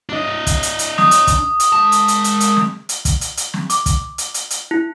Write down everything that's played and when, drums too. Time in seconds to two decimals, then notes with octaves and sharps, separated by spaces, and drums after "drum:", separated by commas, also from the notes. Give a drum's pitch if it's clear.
0.09 D4 D#5
0.47 drum: kick, hi-hat
0.63 drum: hi-hat
0.79 drum: hi-hat
0.98 D#6, drum: snare
1.11 drum: hi-hat
1.27 drum: kick, hi-hat
1.60 drum: hi-hat
1.73 G#3 A5
1.92 drum: hi-hat
2.08 drum: hi-hat
2.24 drum: hi-hat
2.40 drum: hi-hat
2.57 drum: snare
2.89 drum: hi-hat
3.05 drum: kick, hi-hat
3.21 drum: hi-hat
3.37 drum: hi-hat
3.54 drum: snare
3.70 D6, drum: hi-hat
3.86 drum: kick, hi-hat
4.18 drum: hi-hat
4.34 drum: hi-hat
4.50 drum: hi-hat
4.71 E4